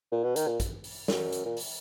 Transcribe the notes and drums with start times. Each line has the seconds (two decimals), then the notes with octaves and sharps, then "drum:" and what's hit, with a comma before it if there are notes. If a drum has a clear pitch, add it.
0.12 A#2
0.23 B2
0.36 D#3, drum: hi-hat
0.47 A#2
0.60 drum: kick, hi-hat
0.84 drum: open hi-hat
1.08 F#2, drum: snare
1.32 drum: hi-hat
1.45 A#2
1.57 drum: open hi-hat